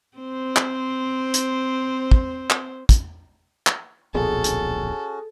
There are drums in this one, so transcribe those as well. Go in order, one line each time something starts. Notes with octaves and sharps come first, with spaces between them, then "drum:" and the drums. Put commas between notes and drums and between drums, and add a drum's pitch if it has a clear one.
C4 C5
drum: clap
drum: hi-hat
drum: kick
drum: clap
drum: kick, hi-hat
drum: clap
D1 A#1 B2 C#4 F#4 G#4 A4
drum: hi-hat